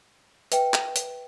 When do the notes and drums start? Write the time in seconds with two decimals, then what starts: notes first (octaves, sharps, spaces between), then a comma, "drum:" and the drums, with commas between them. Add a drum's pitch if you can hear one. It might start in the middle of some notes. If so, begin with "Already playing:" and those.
0.52 B4 E5 G5, drum: hi-hat
0.74 drum: clap
0.96 drum: hi-hat